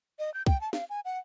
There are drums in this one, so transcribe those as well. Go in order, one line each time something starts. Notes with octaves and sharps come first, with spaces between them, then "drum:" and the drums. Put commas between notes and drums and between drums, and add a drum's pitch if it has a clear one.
D#5
G6
G5, drum: kick
A5
F5, drum: snare
G#5
F#5